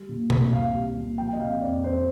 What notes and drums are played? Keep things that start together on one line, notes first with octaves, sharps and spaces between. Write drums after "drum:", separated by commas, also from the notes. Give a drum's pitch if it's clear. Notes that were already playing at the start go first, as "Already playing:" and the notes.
Already playing: G3
A#2
C2, drum: tom B2
C2 F5
G3
A#2
F3 G5
D#5
C3 F5
F2 D5
F2 C5